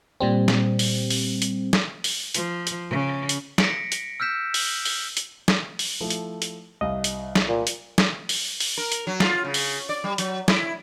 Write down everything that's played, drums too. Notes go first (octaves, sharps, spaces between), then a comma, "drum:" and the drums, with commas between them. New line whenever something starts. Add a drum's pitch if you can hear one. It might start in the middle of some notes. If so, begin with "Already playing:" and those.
A#2 G3 C4
drum: snare
drum: open hi-hat
drum: open hi-hat
drum: hi-hat
drum: snare
drum: open hi-hat
F3, drum: hi-hat
drum: hi-hat
C#3
drum: hi-hat
A#6 B6 C#7 D7, drum: snare
drum: hi-hat
E6 F6 G6 B6 E7
drum: open hi-hat
drum: open hi-hat
drum: hi-hat
drum: snare
drum: open hi-hat
F3 A3 E4
drum: hi-hat
drum: hi-hat
C2 D#5 F5
drum: hi-hat
drum: snare
A#2
drum: hi-hat
drum: snare
drum: open hi-hat
drum: open hi-hat
A#4
drum: hi-hat
F#3
F4, drum: snare
C#3
drum: open hi-hat
D5
G3
F#3, drum: hi-hat
E4, drum: snare